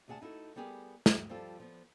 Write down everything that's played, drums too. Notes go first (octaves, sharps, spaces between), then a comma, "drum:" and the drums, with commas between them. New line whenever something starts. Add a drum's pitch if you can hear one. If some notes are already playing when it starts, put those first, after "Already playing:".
D2 C3 G#4 F#5 A5
D#4 E4 F#4 A4
G3 B3 G4 G#4 A#4
drum: snare
F#4
F3 G3 C4 F4 A4
F3 B3